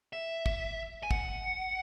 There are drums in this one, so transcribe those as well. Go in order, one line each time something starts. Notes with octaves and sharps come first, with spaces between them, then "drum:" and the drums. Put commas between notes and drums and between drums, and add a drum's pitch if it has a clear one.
E5
drum: kick
G#5
F#5, drum: kick